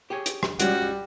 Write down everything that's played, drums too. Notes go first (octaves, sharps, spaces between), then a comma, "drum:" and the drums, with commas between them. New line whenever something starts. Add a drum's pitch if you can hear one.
G4 G#4 C#5
drum: hi-hat
drum: rim click
G3 G#3 C#4 F4 F#4, drum: hi-hat